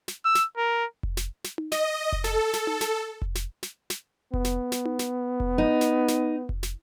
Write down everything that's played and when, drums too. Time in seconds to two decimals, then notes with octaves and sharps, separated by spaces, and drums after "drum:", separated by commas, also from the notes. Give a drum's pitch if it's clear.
0.08 drum: snare
0.25 E6
0.35 drum: snare
0.57 A#4
1.03 drum: kick F1
1.17 drum: snare
1.44 drum: snare
1.58 drum: tom D#4
1.72 D#5, drum: snare
2.13 drum: kick F1
2.24 A4, drum: snare
2.53 drum: snare
2.67 drum: tom D#4
2.81 drum: snare
3.22 drum: kick F1
3.35 drum: snare
3.63 drum: snare
3.90 drum: snare
4.34 B3, drum: kick F1
4.45 drum: snare
4.72 drum: snare
4.85 drum: tom D#4
4.99 drum: snare
5.40 drum: kick F1
5.58 D#4
5.81 drum: snare
6.08 drum: snare
6.49 drum: kick F1
6.63 drum: snare